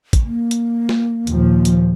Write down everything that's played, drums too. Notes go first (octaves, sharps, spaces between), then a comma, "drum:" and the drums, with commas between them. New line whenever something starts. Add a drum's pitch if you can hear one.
drum: kick, hi-hat
A#3
drum: hi-hat
drum: snare
D#2 A#2 F3, drum: hi-hat
drum: hi-hat